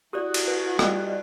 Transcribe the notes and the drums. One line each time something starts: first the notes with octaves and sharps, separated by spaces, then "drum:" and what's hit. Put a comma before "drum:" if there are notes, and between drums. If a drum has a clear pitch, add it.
E4 F#4 G4 D5 D#6 F#6
drum: cymbal
B4
G3 F4 D#5 G5 F#6, drum: rim click